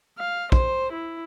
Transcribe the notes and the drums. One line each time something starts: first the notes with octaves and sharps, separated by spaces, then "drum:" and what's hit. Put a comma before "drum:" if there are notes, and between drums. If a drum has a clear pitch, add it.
F5
C5, drum: kick
E4